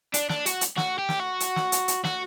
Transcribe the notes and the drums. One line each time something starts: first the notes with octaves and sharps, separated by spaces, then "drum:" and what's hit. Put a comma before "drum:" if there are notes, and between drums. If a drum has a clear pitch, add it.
D4, drum: hi-hat
D4, drum: snare
F#4, drum: hi-hat
drum: hi-hat
F#4, drum: snare
G4
drum: snare
F#4
drum: hi-hat
drum: snare
drum: hi-hat
drum: hi-hat
F#4, drum: snare